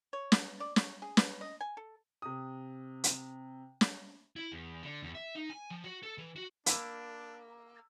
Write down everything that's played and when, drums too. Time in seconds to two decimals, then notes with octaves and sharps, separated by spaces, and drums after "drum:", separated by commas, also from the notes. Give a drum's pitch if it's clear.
0.13 C#5
0.32 B3, drum: snare
0.60 D5
0.76 C#5, drum: snare
1.02 G#4
1.17 B4, drum: snare
1.41 D#5
1.61 G#5
1.77 A4
2.22 C3 D#6
3.04 drum: hi-hat
3.81 drum: snare
4.36 E4
4.52 E2
4.83 D3
5.03 E2
5.15 E5
5.35 D#4
5.50 G#5
5.70 F3
5.84 F#4
6.03 A4
6.18 E3
6.36 F#4
6.66 A#3 D4 B5 E6, drum: hi-hat